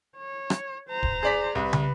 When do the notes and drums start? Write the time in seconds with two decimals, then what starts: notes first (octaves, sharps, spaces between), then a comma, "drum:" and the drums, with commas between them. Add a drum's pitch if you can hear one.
0.17 C#5
0.50 drum: rim click
0.89 C5 A#5
1.03 drum: kick
1.23 G#4 D5 B6
1.55 C2 B4
1.73 drum: tom